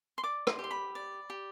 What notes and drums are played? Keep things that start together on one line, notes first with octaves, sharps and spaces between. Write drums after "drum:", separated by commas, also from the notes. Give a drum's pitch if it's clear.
C6
D5 D6
C6, drum: rim click
G4
C6
B5
D5
G4